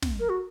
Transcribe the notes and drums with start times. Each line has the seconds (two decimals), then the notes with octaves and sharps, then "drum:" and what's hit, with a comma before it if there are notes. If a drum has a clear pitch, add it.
0.02 drum: snare
0.20 A#4
0.29 F#4